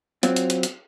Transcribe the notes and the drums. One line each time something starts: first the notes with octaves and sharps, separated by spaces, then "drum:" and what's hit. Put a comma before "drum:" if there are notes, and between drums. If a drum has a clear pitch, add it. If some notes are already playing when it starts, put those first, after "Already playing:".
F#3 C4 F4, drum: hi-hat
drum: hi-hat
drum: hi-hat
drum: hi-hat